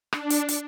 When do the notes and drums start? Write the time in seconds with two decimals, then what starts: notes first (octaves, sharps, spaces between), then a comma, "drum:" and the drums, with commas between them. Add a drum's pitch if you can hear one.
0.13 D4, drum: rim click
0.30 drum: hi-hat
0.49 drum: hi-hat